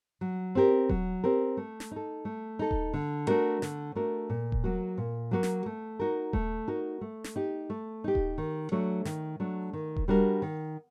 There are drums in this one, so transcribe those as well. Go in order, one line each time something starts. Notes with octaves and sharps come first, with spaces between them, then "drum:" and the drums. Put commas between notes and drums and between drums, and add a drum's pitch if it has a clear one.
F#3
C4 G4 A#4
F#3, drum: kick D#1
C4 G4 A#4
A3
drum: snare
D#4 A4
A3
D#4 A4
drum: kick D#1
D3
A3 D4 F#4 A#4
D3, drum: snare
A3 D4 F#4 A#4
A#2
drum: kick D#1
F#3 A#3 F#4
A#2
F#3 A#3 F#4
drum: snare
A3
D#4 F#4 A#4
A3, drum: kick D#1
D#4 F#4 A#4
A3
drum: snare
D#4 G4
A3
D#4 G4
drum: kick D#1
D#3
F#3 A3 D4
D#3, drum: snare
F#3 A3 D4
D#3
drum: kick D#1
G3 D4 F#4 A#4
D#3